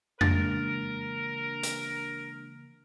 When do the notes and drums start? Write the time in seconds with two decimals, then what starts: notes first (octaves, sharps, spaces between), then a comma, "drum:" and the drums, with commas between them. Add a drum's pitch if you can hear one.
0.21 C#3 E3 G#3 A#3 D4 A#4 A6, drum: tom F2
1.63 drum: hi-hat